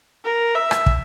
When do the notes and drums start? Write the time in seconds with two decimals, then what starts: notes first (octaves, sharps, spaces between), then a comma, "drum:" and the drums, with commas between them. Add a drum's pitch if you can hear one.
0.25 A#4
0.55 E5
0.71 drum: rim click
0.86 drum: kick